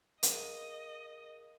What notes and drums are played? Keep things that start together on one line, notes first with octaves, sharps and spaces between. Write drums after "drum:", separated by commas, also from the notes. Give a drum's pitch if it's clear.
G#4 A#4 D#5 F5, drum: hi-hat